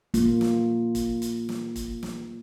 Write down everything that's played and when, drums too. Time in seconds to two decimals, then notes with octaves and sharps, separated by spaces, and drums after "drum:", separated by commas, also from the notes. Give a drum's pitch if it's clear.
0.14 A#3 F4, drum: kick, hi-hat
0.41 drum: snare
0.95 drum: kick, hi-hat
1.22 drum: hi-hat
1.49 drum: snare
1.76 drum: kick, hi-hat
2.03 drum: snare